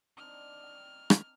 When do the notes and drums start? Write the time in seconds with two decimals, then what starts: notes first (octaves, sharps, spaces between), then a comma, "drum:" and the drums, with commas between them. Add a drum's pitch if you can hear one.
0.18 C4 D4 D#4 F6
0.60 D#5 G5
1.10 drum: rim click